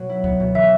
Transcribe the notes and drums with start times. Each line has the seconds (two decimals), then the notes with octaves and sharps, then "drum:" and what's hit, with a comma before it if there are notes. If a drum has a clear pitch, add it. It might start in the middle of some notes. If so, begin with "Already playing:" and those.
Already playing: B2 F#3
0.09 E4
0.24 B3, drum: kick C#2
0.40 B2
0.55 E3 E5